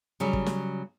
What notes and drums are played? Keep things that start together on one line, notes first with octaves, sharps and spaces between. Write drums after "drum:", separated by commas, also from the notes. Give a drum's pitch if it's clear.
C#3 F#3 G3
drum: kick
drum: snare